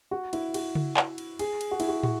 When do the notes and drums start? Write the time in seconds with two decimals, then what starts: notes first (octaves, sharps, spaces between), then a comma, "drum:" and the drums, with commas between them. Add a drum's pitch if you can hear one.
0.11 F#4
0.33 E4, drum: cymbal
0.54 F#4, drum: cymbal
0.75 drum: tom C#3
0.97 drum: clap
1.18 drum: cymbal
1.39 G#4, drum: cymbal
1.61 drum: cymbal
1.71 F#4
1.80 E4, drum: cymbal
1.88 F#4
2.03 F#4, drum: tom